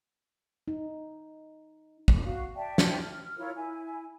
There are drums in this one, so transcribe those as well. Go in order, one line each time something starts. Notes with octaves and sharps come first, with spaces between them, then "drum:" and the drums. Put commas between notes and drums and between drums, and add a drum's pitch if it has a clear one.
D#4
drum: kick
F#4 F5
D5 E5 G5 A5
drum: snare
F6
E4 F4 A#4 C#5
E4 G#5